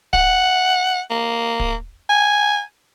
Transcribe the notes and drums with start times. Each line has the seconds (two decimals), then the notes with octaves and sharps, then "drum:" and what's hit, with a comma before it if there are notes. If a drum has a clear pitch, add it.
0.13 F#5, drum: kick
1.10 A#3
1.60 drum: kick
2.09 G#5